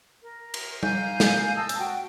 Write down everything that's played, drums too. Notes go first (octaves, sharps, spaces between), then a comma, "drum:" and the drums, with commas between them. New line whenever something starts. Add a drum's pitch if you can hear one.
A#4
drum: cymbal
F5 G#5 A#5 G6, drum: tom G3
drum: snare
A#4 A5 D#6 E6
drum: hi-hat
F#4 G5